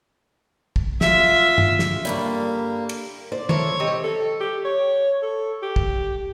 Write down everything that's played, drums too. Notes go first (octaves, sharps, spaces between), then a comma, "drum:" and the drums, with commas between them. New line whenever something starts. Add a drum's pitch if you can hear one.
drum: kick
F4 E5, drum: snare
drum: tom G2
drum: snare
G2 D3 G3 A#3
drum: cymbal
C5 D5
E4 A4 A#4 C#5, drum: tom
C4 D#4 G4
A4
G4
C#5
A4
G4
drum: kick